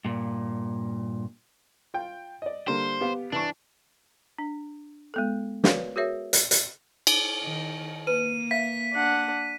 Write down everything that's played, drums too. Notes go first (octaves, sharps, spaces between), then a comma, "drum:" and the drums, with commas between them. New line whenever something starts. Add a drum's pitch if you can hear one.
G2 A#2
F4 G5
D5 D#5
D3 G3 A#3 C5
B3 G4 F5
E3 D4 C#6
D4
G#3 B3 A4
F#4 A#4 B4 C#5 D5 F5, drum: snare
F#4 G#4 A#4 C#5 E5
drum: hi-hat
drum: hi-hat
drum: cymbal
D#3 D#5
A#3 B4 D#7
E5 F5 B6
D4 F#5